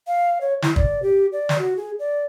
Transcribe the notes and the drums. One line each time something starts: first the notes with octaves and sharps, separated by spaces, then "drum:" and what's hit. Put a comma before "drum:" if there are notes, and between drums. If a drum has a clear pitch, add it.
F5
C#5
E4, drum: snare
D5, drum: kick
G4
D5
drum: snare
F#4
G#4
D5